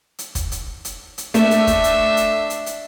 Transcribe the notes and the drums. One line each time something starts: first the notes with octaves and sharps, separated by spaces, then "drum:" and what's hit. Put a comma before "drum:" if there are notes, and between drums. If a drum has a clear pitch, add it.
drum: hi-hat
drum: kick, hi-hat
drum: hi-hat
drum: hi-hat
drum: hi-hat
A3 D4 E5, drum: hi-hat
drum: hi-hat
drum: kick, hi-hat
drum: hi-hat
drum: hi-hat
drum: hi-hat
drum: hi-hat